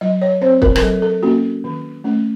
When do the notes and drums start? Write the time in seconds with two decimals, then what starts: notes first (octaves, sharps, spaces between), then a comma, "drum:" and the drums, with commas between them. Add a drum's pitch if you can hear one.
0.01 F#3 D#5
0.22 C#5
0.41 C4 C5
0.62 A#4, drum: kick
0.76 A#4, drum: rim click
0.82 F#3 A4
1.02 A4
1.23 A#3 C#4 F#4
1.64 D#3
2.04 A3 C#4